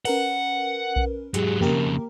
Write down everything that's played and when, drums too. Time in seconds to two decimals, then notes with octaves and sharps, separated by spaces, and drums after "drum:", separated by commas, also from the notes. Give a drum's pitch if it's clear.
0.05 C#4 A#4 B4 F#5, drum: cymbal
0.96 drum: kick B1
1.34 G#2 F#3 G4 G#4, drum: hi-hat
1.61 F2 C#3 A#3 G4 A#4, drum: tom F2